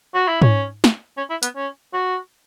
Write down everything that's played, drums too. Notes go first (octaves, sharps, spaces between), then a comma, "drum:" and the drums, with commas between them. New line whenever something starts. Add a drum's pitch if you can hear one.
F#4
E4
C#4, drum: tom G#2
drum: snare
C#4
E4
B3, drum: hi-hat
C#4
F#4